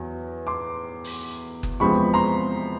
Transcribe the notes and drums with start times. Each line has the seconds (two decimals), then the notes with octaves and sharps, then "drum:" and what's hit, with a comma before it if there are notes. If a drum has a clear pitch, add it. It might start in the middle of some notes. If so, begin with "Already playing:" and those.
Already playing: E2 F#3
0.47 C6 D6
1.04 drum: open hi-hat
1.63 drum: kick F#1
1.80 E2 C3 F3 G#3 C4 B5 C#6
2.14 A#5 C6